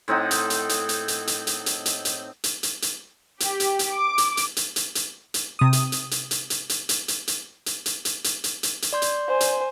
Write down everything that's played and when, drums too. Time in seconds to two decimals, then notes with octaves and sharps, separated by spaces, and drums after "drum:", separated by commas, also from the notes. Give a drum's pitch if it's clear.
0.08 A2 C4 D#4 F#5
0.31 drum: hi-hat
0.50 drum: hi-hat
0.69 drum: hi-hat
0.89 drum: hi-hat
1.08 drum: hi-hat
1.27 drum: hi-hat
1.47 drum: hi-hat
1.66 drum: hi-hat
1.86 drum: hi-hat
2.05 drum: hi-hat
2.44 drum: hi-hat
2.63 drum: hi-hat
2.82 drum: hi-hat
3.40 G4, drum: hi-hat
3.60 drum: hi-hat
3.79 drum: hi-hat
3.92 D6
4.18 drum: hi-hat
4.37 drum: hi-hat
4.57 drum: hi-hat
4.76 drum: hi-hat
4.95 drum: hi-hat
5.34 drum: hi-hat
5.59 C3 D#6
5.73 drum: hi-hat
5.92 drum: hi-hat
6.11 drum: hi-hat
6.31 drum: hi-hat
6.50 drum: hi-hat
6.69 drum: hi-hat
6.89 drum: hi-hat
7.08 drum: hi-hat
7.28 drum: hi-hat
7.66 drum: hi-hat
7.86 drum: hi-hat
8.05 drum: hi-hat
8.24 drum: hi-hat
8.44 drum: hi-hat
8.63 drum: hi-hat
8.82 drum: hi-hat
8.93 D5 C6 G6
9.02 drum: hi-hat
9.28 C5 G#5
9.40 drum: hi-hat